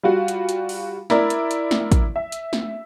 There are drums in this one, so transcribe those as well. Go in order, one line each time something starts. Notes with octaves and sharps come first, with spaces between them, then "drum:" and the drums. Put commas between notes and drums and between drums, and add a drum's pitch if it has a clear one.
G3 F4 F#4
drum: hi-hat
drum: hi-hat
drum: open hi-hat
E4 A#4 D5, drum: snare
drum: hi-hat
drum: hi-hat
drum: snare
drum: kick, hi-hat
E5
drum: hi-hat
drum: snare